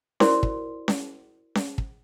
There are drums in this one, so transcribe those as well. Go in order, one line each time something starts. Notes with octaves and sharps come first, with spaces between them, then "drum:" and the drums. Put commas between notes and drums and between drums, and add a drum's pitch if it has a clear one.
E4 F#4 A#4 C5 D5 C6, drum: snare C#4
drum: kick
drum: snare C#4
drum: snare C#4
drum: kick